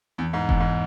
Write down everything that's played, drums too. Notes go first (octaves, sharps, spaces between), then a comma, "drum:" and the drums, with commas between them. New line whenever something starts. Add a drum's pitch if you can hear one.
E2
G#2
E2, drum: kick F1
G#2